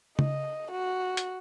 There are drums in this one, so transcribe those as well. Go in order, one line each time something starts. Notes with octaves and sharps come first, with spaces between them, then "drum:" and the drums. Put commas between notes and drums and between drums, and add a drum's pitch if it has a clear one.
D#5, drum: tom C#3
F#4
drum: hi-hat